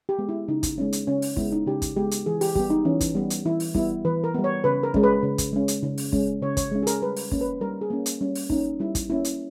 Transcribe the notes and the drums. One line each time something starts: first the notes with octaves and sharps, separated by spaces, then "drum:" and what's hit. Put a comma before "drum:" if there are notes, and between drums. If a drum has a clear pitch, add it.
G4
G#3 B3
E4
C#3 D#4
drum: kick, hi-hat
G#3 B3 C#4
drum: hi-hat
C#3 C#4
drum: open hi-hat
G#3 B3 E4, drum: kick
D#4
C#3 G4
drum: kick, hi-hat
G#3 B3 G4
drum: hi-hat
E3 G#4
G4, drum: open hi-hat
G3 B3 G4, drum: kick
D#4
E3 C#4
drum: kick, hi-hat
G3 B3
drum: hi-hat
E3 E4
drum: open hi-hat
G3 B3 E4, drum: kick
E3 B4
A#4
G3 B3
C#5
C#3 B4
A#4
G#3 C#4, drum: kick
B4
C#3
drum: kick, hi-hat
G#3 C#4
drum: hi-hat
C#3
drum: open hi-hat
G#3 C#4, drum: kick
C#3 C#5
C#5, drum: kick, hi-hat
G#3 C#4
G#4
A#4, drum: hi-hat
G3 B4
drum: open hi-hat
A#3 C#4, drum: kick
B4
G3 A#4
G#4
A#3 C#4
drum: hi-hat
G3 C#4
drum: open hi-hat
A#3 C#4 D#4, drum: kick
G3 E4
drum: kick, hi-hat
A#3 C#4 E4
drum: hi-hat